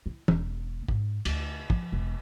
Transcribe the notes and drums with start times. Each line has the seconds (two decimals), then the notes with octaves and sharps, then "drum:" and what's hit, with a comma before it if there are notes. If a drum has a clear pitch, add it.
0.06 E4
0.28 E1, drum: tom
0.88 G#2, drum: kick
1.25 D2, drum: cymbal
1.70 F3, drum: kick
1.92 E1